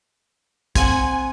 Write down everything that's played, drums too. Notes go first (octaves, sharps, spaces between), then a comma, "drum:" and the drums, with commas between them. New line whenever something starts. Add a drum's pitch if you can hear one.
C4 F#5 G#5, drum: kick, hi-hat